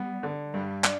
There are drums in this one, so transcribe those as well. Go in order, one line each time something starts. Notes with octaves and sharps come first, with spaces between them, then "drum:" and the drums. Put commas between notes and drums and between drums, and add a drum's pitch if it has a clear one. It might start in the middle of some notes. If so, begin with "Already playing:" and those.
Already playing: G3 B3
D3
G2 G3
D4, drum: clap